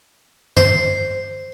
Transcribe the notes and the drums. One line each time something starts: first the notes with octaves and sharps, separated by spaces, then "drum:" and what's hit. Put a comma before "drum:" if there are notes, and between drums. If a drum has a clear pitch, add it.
C5, drum: tom